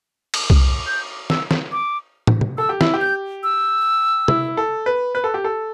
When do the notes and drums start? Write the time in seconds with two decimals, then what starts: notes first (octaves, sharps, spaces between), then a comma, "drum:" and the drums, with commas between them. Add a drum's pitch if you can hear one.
0.34 drum: cymbal
0.50 drum: kick C2
0.87 G6
1.30 E6, drum: snare
1.51 drum: snare
1.72 D6
2.27 drum: tom
2.41 drum: tom C3
2.58 A4 E6
2.69 G4
2.81 E4, drum: snare
2.94 G4
3.01 G6
3.43 E6
4.28 E4, drum: tom
4.57 A4
4.86 B4
5.15 B4
5.24 A4
5.34 G4
5.44 A4